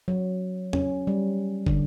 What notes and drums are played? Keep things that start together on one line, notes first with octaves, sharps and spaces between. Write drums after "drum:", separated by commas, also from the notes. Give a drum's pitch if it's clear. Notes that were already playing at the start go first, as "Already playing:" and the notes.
F#3
C#4, drum: tom
G3
D3, drum: kick